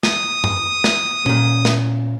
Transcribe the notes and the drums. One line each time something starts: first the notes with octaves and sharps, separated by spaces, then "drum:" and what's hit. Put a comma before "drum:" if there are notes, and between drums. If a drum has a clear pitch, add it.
D#6, drum: snare
drum: tom G2
drum: snare
A#2 C#4, drum: tom A#2
drum: snare